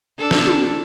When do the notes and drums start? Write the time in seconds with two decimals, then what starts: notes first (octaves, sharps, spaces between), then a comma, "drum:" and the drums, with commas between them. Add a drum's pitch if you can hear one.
0.18 D4 A4
0.31 drum: snare
0.47 drum: tom